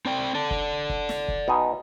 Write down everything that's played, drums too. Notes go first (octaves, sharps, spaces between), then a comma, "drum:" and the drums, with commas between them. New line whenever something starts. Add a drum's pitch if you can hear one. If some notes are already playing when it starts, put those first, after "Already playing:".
C4 D5 G5
A4 D5 A5
drum: kick
drum: kick
drum: snare
drum: kick
B2 D#4 G#5